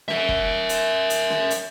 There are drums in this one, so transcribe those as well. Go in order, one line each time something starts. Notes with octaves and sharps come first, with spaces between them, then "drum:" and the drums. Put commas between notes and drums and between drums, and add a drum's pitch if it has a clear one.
A#4 E5, drum: snare C#4
drum: kick
drum: hi-hat
drum: hi-hat
drum: snare C#4
drum: hi-hat